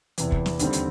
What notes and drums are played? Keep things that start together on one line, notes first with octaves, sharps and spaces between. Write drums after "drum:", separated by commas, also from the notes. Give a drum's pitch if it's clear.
E2 C3 E3, drum: hi-hat
drum: kick
drum: snare
D#2 D3 G3 C4, drum: hi-hat
drum: hi-hat